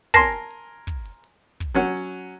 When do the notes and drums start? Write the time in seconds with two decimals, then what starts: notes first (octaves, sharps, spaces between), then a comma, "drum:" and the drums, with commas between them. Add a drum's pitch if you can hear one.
0.14 A#4 G#5 A5 C6 A#6 C7, drum: kick, hi-hat
0.32 drum: open hi-hat
0.51 drum: hi-hat
0.87 drum: kick
1.05 drum: open hi-hat
1.24 drum: hi-hat
1.60 drum: kick, hi-hat
1.74 F#3 C#4 F#5
1.97 drum: hi-hat